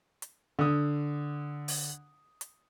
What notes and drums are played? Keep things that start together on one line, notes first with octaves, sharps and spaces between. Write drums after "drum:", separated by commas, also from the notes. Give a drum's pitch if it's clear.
drum: hi-hat
D3 D#6
drum: open hi-hat
drum: hi-hat